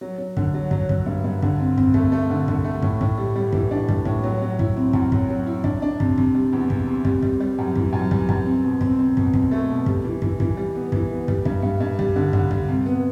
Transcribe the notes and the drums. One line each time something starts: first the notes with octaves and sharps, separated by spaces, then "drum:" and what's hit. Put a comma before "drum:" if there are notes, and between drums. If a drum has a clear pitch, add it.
F#3
F#3
D3, drum: kick
F#3
F#3, drum: kick
F#3, drum: kick
G2
G2
D3, drum: kick
C4
C4, drum: kick
A3, drum: kick
A3
D3
D3, drum: kick
A3
A2, drum: kick
A2, drum: kick
G3
G3
E3, drum: kick
D4
G3, drum: kick
A2, drum: kick
F#3
F#3
E4, drum: kick
C4
F#2, drum: kick
F#3, drum: kick
F#3
E4
D4, drum: kick
D4
C3, drum: kick
C3, drum: kick
G3
E2
C3, drum: kick
C3
G3, drum: kick
G3, drum: kick
G3
F#2
E3, drum: kick
F#2
G3, drum: kick
F#2, drum: kick
C4
B2
C4, drum: kick
C4
B2, drum: kick
C4, drum: kick
A3
B2
G3, drum: kick
E3
E3, drum: kick
E3, drum: kick
G3
B3
E3, drum: kick
B3
G3, drum: kick
G2, drum: kick
G2
G2
G3, drum: kick
D3
D3, drum: kick
G3, drum: kick
C3
B3